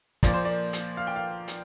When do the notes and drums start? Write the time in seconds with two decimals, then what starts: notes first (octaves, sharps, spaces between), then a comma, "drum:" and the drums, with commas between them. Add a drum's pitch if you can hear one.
0.23 A#2 F3 A#3 D5, drum: kick, hi-hat
0.34 C5
0.45 D5
0.73 drum: hi-hat
0.97 F5
1.07 G5
1.16 F5
1.48 drum: hi-hat